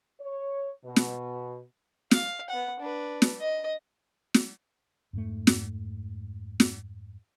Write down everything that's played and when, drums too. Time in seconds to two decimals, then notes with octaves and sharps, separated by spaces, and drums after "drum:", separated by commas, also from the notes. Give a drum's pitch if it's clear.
0.20 C#5
0.85 B2
0.96 drum: snare
2.11 F5, drum: snare
2.50 B3 F#5
2.80 D4 B4
3.22 drum: snare
3.40 D#5
4.34 drum: snare
5.13 F2 G#2 A3
5.47 drum: snare
6.60 drum: snare